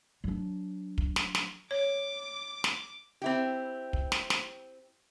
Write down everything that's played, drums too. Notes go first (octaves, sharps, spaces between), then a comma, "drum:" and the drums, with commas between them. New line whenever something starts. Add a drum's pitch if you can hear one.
F#3 D4
drum: kick
drum: snare
drum: snare
C#5 D6
drum: snare
C4 E4 G4
drum: kick
drum: snare
drum: snare